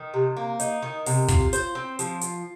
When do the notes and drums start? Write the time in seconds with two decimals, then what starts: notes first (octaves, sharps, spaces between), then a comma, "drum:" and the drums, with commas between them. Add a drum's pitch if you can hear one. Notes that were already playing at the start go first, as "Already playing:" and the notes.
Already playing: D#3
0.14 C3
0.37 A#3
0.60 D#4, drum: hi-hat
0.82 D#3
1.06 C3, drum: open hi-hat
1.28 F4, drum: kick, hi-hat
1.53 C5, drum: hi-hat
1.75 C4
1.99 F3, drum: hi-hat
2.22 F4, drum: hi-hat